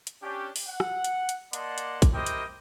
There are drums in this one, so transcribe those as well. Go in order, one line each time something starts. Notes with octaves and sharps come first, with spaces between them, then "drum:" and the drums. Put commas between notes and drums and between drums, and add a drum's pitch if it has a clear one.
drum: hi-hat
C#4 D4 G4
drum: open hi-hat
F#5
drum: rim click
drum: hi-hat
drum: hi-hat
A#3 D5 D#5 F#5 A5 C6, drum: hi-hat
drum: hi-hat
drum: kick, hi-hat
E4 G4 A#4 C5 D#5 G5
drum: hi-hat